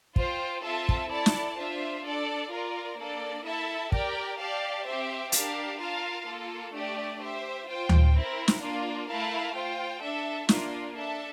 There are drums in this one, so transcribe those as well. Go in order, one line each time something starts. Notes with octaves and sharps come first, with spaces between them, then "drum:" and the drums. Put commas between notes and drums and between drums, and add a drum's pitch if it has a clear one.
F4 C5 G5, drum: kick
C4 F4 A4 E5 A5
drum: kick
E4 A4 D5 A5
drum: snare
D4 F4 C5 E5
D4 A4 D5
F4 A#4 D5
A#3 D4 A4 D5
E4 A4 E5 A5
G4 A#4 D5 G5, drum: kick
G4 D5 F5 A5
C4 G4 C5 E5
D4 G4 A#4 F5 A5, drum: hi-hat
F4 A#4 F5 A5
A#3 F4 A4
A3 D4 G4 D5
G4 C5 E5
F4 C5 G5
drum: tom D2
C4 E4 A#4
drum: snare
A#3 D4 F4
A3 E4 A#4 F5 A5
F4 C5 G5
D4 A4 E5
A#3 D4 F4, drum: snare
D4 A4 E5 A5